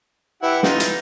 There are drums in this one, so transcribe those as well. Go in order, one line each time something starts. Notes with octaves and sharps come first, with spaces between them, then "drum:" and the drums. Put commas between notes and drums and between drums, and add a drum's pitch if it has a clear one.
E3 E4 G4 F#5
D#4 F4, drum: snare
drum: hi-hat